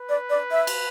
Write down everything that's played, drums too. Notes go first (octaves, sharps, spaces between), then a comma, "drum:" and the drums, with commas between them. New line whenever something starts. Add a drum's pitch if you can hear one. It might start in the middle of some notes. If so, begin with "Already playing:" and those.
Already playing: B4
D5
D5
E5
drum: cymbal